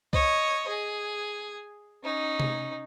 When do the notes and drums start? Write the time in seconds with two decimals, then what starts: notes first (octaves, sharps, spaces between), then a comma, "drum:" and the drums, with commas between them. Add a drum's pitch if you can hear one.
0.13 C#5 D#5, drum: kick C2
0.68 G#4
2.04 C#4 D#4
2.40 drum: tom C3